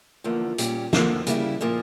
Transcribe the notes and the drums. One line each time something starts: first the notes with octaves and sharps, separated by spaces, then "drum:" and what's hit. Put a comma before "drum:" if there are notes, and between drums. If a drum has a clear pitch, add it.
E2 D3 F3 A#3
A#2 G3 C#4 G4, drum: hi-hat
F2 D3 F3 A#3, drum: snare
C#3 G3 A#3 E4, drum: hi-hat
A#2 F3 A#3